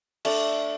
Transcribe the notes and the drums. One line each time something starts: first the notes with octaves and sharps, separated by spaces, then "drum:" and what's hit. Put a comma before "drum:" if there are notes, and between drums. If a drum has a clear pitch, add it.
A3 D4 A4 D5, drum: cymbal